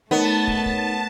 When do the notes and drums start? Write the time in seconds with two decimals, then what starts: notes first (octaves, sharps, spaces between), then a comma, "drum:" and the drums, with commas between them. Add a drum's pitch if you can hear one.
0.11 A3 B3 D#4 A#4 C#5 A5
0.47 drum: kick
0.66 drum: kick